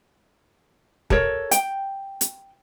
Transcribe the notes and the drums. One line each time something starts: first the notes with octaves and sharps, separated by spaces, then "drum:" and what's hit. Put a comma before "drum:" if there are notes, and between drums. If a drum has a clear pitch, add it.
A4 A#4 C#5, drum: kick
G5, drum: hi-hat
drum: hi-hat